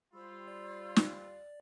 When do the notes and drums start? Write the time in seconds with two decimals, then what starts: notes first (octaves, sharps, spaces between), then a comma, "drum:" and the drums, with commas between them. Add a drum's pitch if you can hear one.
0.14 G3 F4 C5 B5 E6
0.48 D5
0.96 drum: snare